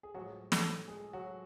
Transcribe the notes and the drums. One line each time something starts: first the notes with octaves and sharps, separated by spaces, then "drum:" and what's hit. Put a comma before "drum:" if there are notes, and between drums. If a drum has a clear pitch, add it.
G#4
A2 F3 F#3 G#3 F#4
A3 A4, drum: snare
G#3 G#4
F#3 F#4